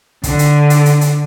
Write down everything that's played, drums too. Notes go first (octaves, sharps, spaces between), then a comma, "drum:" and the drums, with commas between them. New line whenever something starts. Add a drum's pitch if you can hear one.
D3, drum: kick, hi-hat
drum: hi-hat
drum: hi-hat
drum: hi-hat
drum: hi-hat